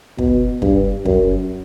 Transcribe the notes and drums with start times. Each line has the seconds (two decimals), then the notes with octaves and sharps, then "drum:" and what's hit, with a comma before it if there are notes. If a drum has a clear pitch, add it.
0.18 B2, drum: kick
0.62 G2, drum: kick
1.05 F#2, drum: kick